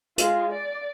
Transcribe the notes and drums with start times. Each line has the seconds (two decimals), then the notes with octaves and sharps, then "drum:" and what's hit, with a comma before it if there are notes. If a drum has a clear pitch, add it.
0.18 G#3 F4, drum: hi-hat
0.52 D5